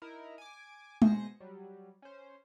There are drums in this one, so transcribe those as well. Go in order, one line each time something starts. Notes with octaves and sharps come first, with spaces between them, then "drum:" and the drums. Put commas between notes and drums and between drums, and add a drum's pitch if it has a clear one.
D#4 E4 A#4
G#5 D6
B2 G#4 C5 A#6 C#7, drum: tom G#3
F#3 G3
C#4 C5